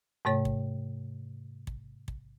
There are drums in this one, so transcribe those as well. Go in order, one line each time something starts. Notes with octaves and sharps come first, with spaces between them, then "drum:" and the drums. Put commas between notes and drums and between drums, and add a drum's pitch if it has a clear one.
G#2 C3 A3 C#5
drum: kick
drum: kick
drum: kick